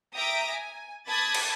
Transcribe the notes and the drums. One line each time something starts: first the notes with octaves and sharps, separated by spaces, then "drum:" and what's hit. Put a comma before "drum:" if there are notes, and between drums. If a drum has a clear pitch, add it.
E5 G5 A#5 D6 D#6 D7
G#5
A5 B5 D6 D#6 G#6 A6
drum: cymbal